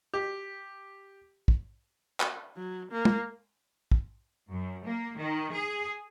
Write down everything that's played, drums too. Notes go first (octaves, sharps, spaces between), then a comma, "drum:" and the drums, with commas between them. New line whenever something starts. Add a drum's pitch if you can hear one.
G4
drum: kick
drum: clap
F#3
A#3
drum: tom
drum: kick
F#2
A#3
D#3
G#4